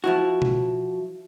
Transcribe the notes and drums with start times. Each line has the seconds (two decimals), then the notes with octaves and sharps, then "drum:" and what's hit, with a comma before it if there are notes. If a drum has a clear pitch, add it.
0.04 F3 E4 F#4
0.42 drum: tom B2